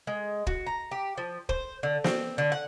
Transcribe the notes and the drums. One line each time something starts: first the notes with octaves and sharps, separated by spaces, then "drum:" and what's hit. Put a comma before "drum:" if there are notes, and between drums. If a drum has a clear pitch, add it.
G#3
F#4, drum: kick
A#5
G4
F3
C5, drum: kick
D3
C4, drum: snare
D3
F#5